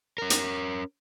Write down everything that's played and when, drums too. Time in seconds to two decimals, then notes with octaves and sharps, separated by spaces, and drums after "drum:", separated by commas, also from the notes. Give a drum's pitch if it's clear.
0.18 C#4 A#4
0.30 drum: hi-hat